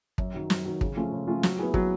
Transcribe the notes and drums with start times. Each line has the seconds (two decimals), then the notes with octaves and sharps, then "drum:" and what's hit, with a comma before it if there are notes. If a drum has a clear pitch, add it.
0.18 F#2, drum: kick
0.34 D#3 F#3
0.50 F#2, drum: snare
0.65 D#3 F#3
0.81 C#3, drum: kick
0.96 F3 A3 C#4 F4
1.12 C#3
1.27 F3 A3 C#4 F4
1.43 F#3, drum: snare
1.59 B3 E4 G#4
1.74 F#3, drum: kick